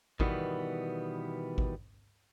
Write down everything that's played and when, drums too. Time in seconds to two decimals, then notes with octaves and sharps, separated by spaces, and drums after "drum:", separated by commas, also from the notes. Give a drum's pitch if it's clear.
0.20 B2 D#3 E3 G3 B3, drum: kick G#1
1.58 drum: kick G#1